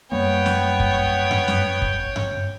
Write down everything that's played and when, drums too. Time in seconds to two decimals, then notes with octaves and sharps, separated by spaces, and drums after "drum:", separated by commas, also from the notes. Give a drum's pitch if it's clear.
0.12 F#2 G3 A#3 B3 C#5 G5
0.46 drum: snare
0.80 drum: kick
1.31 drum: tom G2
1.48 drum: snare
1.82 drum: kick
2.16 drum: tom G2